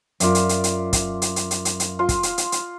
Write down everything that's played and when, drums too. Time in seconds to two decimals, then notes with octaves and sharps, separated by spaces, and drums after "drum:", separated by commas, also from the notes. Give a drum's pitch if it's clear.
0.20 F#2 F4 D5 E5, drum: hi-hat
0.35 drum: hi-hat
0.49 drum: hi-hat
0.64 drum: hi-hat
0.93 drum: kick, hi-hat
1.22 drum: hi-hat
1.36 drum: hi-hat
1.51 drum: hi-hat
1.65 drum: hi-hat
1.80 drum: hi-hat
1.99 F4 C6
2.09 drum: kick, hi-hat
2.23 drum: hi-hat
2.38 drum: hi-hat
2.52 drum: hi-hat